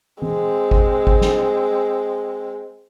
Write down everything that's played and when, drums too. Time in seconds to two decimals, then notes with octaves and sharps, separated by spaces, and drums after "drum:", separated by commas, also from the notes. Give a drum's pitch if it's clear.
0.22 G#3 C4, drum: tom E3
0.71 drum: kick G#1
1.07 drum: kick G#1
1.21 drum: snare